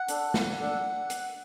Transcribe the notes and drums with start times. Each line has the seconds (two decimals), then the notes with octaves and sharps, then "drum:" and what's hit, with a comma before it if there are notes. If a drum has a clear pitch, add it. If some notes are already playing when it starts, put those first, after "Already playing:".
Already playing: F#5
0.08 D4 A4, drum: hi-hat
0.34 drum: snare
0.60 D4 A4
1.10 drum: hi-hat